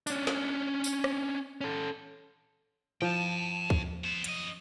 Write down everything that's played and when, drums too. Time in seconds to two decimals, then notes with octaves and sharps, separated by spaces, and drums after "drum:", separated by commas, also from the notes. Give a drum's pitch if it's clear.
0.07 C#4 D4, drum: tambourine
0.27 drum: snare
0.84 drum: tambourine
1.04 drum: rim click
1.61 C#4 A4
3.02 F3 G5 A5
3.70 drum: kick
4.04 B3 C5
4.24 F#2 D#5, drum: hi-hat